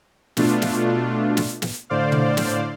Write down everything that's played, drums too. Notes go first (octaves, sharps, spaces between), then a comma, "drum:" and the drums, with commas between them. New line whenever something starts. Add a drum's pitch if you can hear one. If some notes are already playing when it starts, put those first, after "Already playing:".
B2 A3 D4 F4, drum: snare
drum: snare
drum: snare
drum: snare
A2 D3 C5 D5 F5
drum: tom A#2
drum: snare